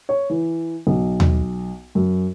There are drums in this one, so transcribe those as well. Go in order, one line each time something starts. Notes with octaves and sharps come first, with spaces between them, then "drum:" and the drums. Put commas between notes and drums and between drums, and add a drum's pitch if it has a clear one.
C#5
E3
B1
drum: tom D#2
F#2